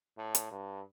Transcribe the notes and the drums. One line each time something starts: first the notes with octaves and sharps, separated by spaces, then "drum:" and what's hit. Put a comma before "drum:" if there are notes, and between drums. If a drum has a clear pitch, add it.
A2
drum: hi-hat
G2